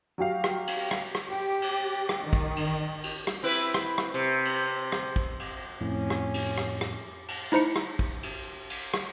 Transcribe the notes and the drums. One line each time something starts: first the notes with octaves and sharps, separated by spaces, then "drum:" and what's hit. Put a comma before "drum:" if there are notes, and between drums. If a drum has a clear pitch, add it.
F#3 F#4 G4 F5
drum: rim click
drum: cymbal
drum: rim click
drum: rim click
G4
drum: cymbal
drum: rim click
D#3
drum: kick
drum: cymbal
drum: cymbal
drum: rim click
C4 E4 B4
drum: rim click
drum: rim click
C3
drum: cymbal
drum: rim click
drum: kick
drum: cymbal
F2 A2 C#4
drum: rim click
drum: cymbal
drum: rim click
drum: rim click
drum: cymbal
D#4 E4 C5 A#5 C#7
drum: rim click
drum: kick
drum: cymbal
drum: cymbal
drum: rim click